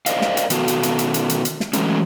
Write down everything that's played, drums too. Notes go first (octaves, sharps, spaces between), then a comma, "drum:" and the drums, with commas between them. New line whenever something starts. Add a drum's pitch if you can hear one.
A#4 C5 D5 D#5 F5, drum: hi-hat
drum: snare
drum: hi-hat
B2 D#3 B3 F#4 A4 F5, drum: hi-hat
drum: hi-hat
drum: hi-hat
drum: hi-hat
drum: hi-hat
drum: hi-hat
drum: hi-hat
drum: snare
E3 F#3 G#3 A3 C#4, drum: hi-hat